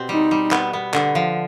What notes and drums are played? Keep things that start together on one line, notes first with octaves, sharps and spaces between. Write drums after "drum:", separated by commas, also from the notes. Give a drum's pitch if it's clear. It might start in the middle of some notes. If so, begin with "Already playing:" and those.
Already playing: B2 C4 G4
G3 D#4
G3
B3, drum: clap
B3
D3, drum: clap
F3